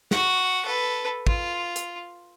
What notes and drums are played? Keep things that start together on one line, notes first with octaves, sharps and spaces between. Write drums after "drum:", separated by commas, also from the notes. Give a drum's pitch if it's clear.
F#4 F#5, drum: snare
A4 B4
F4, drum: kick
drum: hi-hat